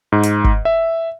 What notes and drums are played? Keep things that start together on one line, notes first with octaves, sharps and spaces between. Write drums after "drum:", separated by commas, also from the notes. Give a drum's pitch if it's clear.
G#2
drum: hi-hat
drum: kick
E5